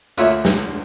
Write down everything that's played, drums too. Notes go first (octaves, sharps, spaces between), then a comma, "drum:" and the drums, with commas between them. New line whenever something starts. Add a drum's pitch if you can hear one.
D2 A#3 F4 C#5 E5, drum: hi-hat
drum: snare